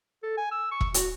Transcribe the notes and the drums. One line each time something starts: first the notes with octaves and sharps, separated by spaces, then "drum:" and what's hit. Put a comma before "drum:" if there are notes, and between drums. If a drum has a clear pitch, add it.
A4
G#5
E6
C#6
drum: kick E1
F#4, drum: hi-hat